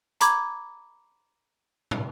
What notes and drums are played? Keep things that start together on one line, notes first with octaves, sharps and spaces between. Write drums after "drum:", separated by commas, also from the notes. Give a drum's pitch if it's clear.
A#5 B5 D6 G#6, drum: hi-hat
drum: tom